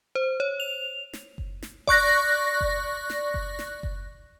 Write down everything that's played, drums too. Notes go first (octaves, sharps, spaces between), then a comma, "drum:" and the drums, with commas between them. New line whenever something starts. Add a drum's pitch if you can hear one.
C5
C#5
F7
drum: snare
drum: kick F#1
drum: snare
D5 C#6 F#6 A#6, drum: kick F#1
drum: kick F#1
drum: snare
drum: kick F#1
drum: snare
drum: kick F#1